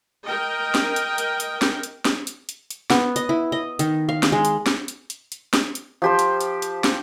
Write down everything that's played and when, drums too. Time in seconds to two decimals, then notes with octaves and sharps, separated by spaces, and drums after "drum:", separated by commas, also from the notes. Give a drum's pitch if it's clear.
0.27 A#4 D#5 G5
0.75 drum: snare
0.96 drum: hi-hat
1.18 drum: hi-hat
1.40 drum: hi-hat
1.62 drum: snare
1.83 drum: hi-hat
2.05 drum: snare
2.27 drum: hi-hat
2.49 drum: hi-hat
2.70 drum: hi-hat
2.90 B3, drum: snare
3.16 D#5, drum: hi-hat
3.29 E4
3.52 D#5
3.79 D#3, drum: hi-hat
4.09 F5
4.23 drum: snare
4.32 G#3
4.45 drum: hi-hat
4.66 drum: snare
4.88 drum: hi-hat
5.10 drum: hi-hat
5.32 drum: hi-hat
5.53 drum: snare
5.75 drum: hi-hat
6.02 F3 G4 C5
6.19 drum: hi-hat
6.41 drum: hi-hat
6.62 drum: hi-hat
6.84 drum: snare